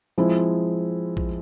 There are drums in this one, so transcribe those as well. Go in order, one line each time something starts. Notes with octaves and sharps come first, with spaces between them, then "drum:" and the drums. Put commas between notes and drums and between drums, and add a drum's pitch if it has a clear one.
F3 G#3 C4 E4
drum: kick